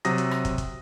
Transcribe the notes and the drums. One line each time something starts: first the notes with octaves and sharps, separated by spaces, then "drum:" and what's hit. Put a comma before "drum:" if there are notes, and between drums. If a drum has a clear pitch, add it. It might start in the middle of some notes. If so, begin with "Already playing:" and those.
C3 F#3 D#6 A#6, drum: hi-hat
drum: hi-hat
drum: rim click
drum: kick, hi-hat
drum: kick, hi-hat